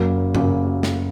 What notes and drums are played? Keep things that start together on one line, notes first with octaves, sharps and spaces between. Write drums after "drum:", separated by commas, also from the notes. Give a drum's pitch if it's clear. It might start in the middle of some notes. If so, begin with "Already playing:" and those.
Already playing: F#1 F#2 C#3 F#3 A#3
F#1 F#2 C#3 F#3 A#3, drum: tom G2
drum: snare